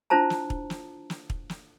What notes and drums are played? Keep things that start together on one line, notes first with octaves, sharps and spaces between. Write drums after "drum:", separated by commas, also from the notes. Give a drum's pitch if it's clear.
D4 E4 F4 C5 A5 A#5
drum: snare
drum: kick
drum: snare
drum: snare
drum: kick
drum: snare